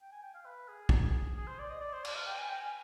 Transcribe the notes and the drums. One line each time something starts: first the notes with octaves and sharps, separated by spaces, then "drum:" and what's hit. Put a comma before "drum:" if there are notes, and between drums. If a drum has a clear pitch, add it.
G5
G#5
G5
F5
B4
G#4
drum: kick
G#4
C5
D5
D#5
D5
C5
D5, drum: cymbal
F5
G5
G#5
G5
G#5